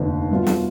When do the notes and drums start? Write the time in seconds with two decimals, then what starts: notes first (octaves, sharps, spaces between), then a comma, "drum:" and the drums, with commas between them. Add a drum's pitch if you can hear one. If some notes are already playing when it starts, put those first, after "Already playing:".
Already playing: F1 D#2 D3 B4 C5
0.31 C2 B2 B3 F4
0.47 drum: snare